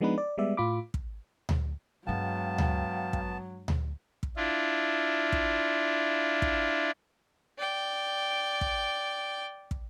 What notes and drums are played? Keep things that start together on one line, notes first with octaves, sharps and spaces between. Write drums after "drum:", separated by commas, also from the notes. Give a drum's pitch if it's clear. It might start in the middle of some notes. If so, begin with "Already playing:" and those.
F3 G#3 B3 D4 D#4 B4
D5
G3 G#3 B3 D5 E5
A2 F4 B5 D6
drum: kick
drum: tom D2
G2 F#3 G#3 B3 F5 G5 A5
drum: tom D2
drum: kick
drum: tom D2
drum: kick
D4 E4 F4
drum: kick
drum: kick
D5 G5
drum: kick
drum: kick